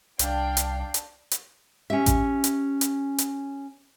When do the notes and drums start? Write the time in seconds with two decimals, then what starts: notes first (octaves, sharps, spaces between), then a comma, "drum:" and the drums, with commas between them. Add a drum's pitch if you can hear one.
0.19 C2 D4 F5 G5, drum: hi-hat
0.57 drum: hi-hat
0.94 drum: hi-hat
1.31 drum: hi-hat
1.90 C#4 G4 E5
2.06 drum: kick A1, hi-hat
2.44 drum: hi-hat
2.81 drum: hi-hat
3.18 drum: hi-hat